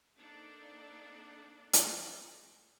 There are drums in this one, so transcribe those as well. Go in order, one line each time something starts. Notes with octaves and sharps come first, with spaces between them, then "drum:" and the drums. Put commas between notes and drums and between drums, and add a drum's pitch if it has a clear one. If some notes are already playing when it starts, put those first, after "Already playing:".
A#3 C4 D4 D#4 A4 D5
drum: hi-hat